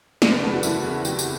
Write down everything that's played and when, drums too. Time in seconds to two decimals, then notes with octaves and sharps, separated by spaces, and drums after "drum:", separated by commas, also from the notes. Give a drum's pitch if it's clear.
0.22 F#1 D5, drum: snare
0.32 B4
0.43 E2 C#3 E3 A4
0.53 F#4
0.63 F#1 E4, drum: tambourine
0.84 E2 C#3 E3
1.05 F#1 G4, drum: tambourine
1.19 drum: tambourine